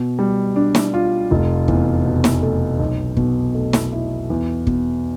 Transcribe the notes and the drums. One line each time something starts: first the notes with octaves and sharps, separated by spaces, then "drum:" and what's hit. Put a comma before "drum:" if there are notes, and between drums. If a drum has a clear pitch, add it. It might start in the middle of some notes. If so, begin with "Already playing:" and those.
Already playing: B2
G3
D4
drum: snare
F4
F1
E2, drum: kick
B2
drum: snare
A3
B1
B2, drum: kick
A3
drum: snare
E4
E2
B2, drum: kick